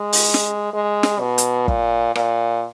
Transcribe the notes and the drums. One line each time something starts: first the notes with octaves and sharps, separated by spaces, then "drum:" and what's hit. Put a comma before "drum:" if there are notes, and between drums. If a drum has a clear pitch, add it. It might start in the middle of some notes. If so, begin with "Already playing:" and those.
Already playing: G#3
drum: open hi-hat
drum: snare
G#3
drum: snare
B2
drum: hi-hat
A#2, drum: kick
A#2, drum: rim click